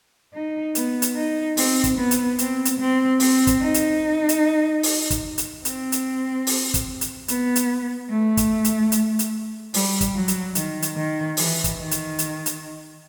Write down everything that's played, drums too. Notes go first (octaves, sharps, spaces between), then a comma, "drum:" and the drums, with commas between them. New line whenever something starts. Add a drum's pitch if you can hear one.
D#4
B3, drum: hi-hat
drum: hi-hat
D#4
C4, drum: open hi-hat
drum: kick, hi-hat
B3
drum: hi-hat
C4, drum: hi-hat
drum: hi-hat
C4
C4, drum: open hi-hat
drum: kick, hi-hat
D#4
drum: hi-hat
drum: hi-hat
drum: open hi-hat
drum: kick, hi-hat
drum: hi-hat
C4, drum: hi-hat
drum: hi-hat
drum: open hi-hat
drum: kick, hi-hat
drum: hi-hat
B3, drum: hi-hat
drum: hi-hat
A3
drum: kick, hi-hat
drum: hi-hat
drum: hi-hat
drum: hi-hat
G3, drum: open hi-hat
drum: kick, hi-hat
F#3
drum: hi-hat
D#3, drum: hi-hat
drum: hi-hat
D#3
E3, drum: open hi-hat
drum: kick, hi-hat
D#3
drum: hi-hat
drum: hi-hat
drum: hi-hat